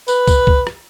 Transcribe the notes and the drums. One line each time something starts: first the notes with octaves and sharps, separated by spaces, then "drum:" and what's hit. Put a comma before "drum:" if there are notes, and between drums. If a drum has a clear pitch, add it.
B4, drum: tambourine
drum: kick, tambourine
drum: kick
drum: rim click